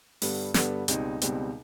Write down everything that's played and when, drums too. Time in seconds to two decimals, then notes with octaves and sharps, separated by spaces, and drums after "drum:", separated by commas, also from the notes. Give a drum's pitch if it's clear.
0.22 G2 D3 G3 B3, drum: open hi-hat
0.54 G2 D3 G3 B3, drum: snare
0.88 C#2 B2 G3 C4 D#4, drum: hi-hat
1.22 C#2 B2 G3 C4 D#4, drum: hi-hat